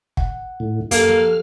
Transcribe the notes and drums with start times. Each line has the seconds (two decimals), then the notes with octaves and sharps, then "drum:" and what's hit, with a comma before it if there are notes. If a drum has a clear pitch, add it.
0.17 F#5, drum: kick
0.60 A2
0.91 F#2 A#3 G4 A4 F6, drum: hi-hat
1.10 F3